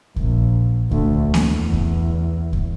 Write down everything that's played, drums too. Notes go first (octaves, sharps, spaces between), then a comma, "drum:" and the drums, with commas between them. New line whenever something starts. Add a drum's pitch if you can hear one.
A#1, drum: kick C2
D2, drum: kick C2
E2, drum: snare A#3
drum: kick C2
drum: kick C2